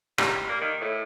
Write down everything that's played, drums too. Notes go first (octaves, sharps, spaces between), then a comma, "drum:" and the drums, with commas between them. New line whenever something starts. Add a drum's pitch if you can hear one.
G3, drum: rim click
A#3
D#3
A2